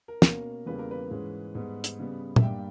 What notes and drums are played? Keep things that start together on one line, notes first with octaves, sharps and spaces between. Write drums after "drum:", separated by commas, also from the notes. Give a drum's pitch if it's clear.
A#4
B2 A#3 C#4 A#4, drum: snare
E2 C#3 E3 G3 A#3 B4
A#4
B4
G#2 E3 G#3 C#4
G#2 G3 B3
drum: hi-hat
C#3 G3 B3
E5, drum: tom
G2 G3 A#3 G5